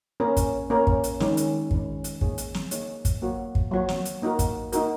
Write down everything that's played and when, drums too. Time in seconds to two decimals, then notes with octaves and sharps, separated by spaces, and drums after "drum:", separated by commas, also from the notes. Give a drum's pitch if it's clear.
0.20 A#3 C#4 A#4 C#5
0.37 drum: kick, hi-hat
0.70 A#3 C#4 A#4 C#5
0.87 drum: kick
1.04 drum: hi-hat
1.20 D#3 G#3 C#4, drum: snare
1.37 drum: hi-hat
1.71 D#3 G#3 C#4, drum: kick
2.04 drum: hi-hat
2.21 A#3 D#4 G#4 C#5, drum: kick
2.38 drum: hi-hat
2.54 drum: snare
2.71 A#3 D#4 G#4 C#5, drum: hi-hat
3.05 drum: kick, hi-hat
3.22 F#3 A#3 F#4 C#5
3.55 drum: kick
3.71 F#3 A#3 F#4 C#5
3.89 drum: snare
4.05 drum: hi-hat
4.22 A#3 D#4 F#4 A#4
4.39 drum: kick, hi-hat
4.72 A#3 D#4 F#4 A#4, drum: hi-hat